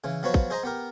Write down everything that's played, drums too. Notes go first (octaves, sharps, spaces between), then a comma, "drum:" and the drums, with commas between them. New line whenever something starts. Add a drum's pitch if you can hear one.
C#3 E3
F3 F#3 B3 F#4 B4 C#5
drum: kick
G#4 C5 D#5 G#5 A#5
B3 G4 A#4